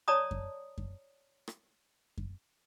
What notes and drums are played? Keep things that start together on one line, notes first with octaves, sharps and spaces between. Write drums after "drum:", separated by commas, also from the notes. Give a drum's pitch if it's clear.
C#5 D5 A5 A#5 D#6
drum: kick F#2
drum: kick F#2
drum: rim click
drum: kick F#2